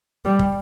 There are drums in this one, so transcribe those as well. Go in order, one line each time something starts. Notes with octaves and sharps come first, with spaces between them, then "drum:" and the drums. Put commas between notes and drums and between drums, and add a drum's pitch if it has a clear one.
G3
drum: kick